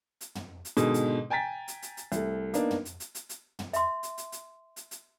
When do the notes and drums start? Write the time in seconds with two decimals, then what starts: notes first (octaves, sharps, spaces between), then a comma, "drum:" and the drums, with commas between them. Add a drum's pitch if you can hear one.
0.21 drum: hi-hat
0.35 drum: tom
0.65 drum: hi-hat
0.77 G#2 B2 D3 D#3 G#3, drum: hi-hat
0.94 drum: hi-hat
1.30 G5 G#5 A#5 A6 B6
1.68 drum: hi-hat
1.82 drum: hi-hat
1.97 drum: hi-hat
2.12 C2 A3, drum: hi-hat
2.54 A#3 B3 D4 D#4, drum: hi-hat
2.71 drum: tom
2.85 drum: hi-hat
3.00 drum: hi-hat
3.15 drum: hi-hat
3.29 drum: hi-hat
3.59 drum: tom
3.73 E5 C6, drum: hi-hat
4.03 drum: hi-hat
4.18 drum: hi-hat
4.32 drum: hi-hat
4.76 drum: hi-hat
4.91 drum: hi-hat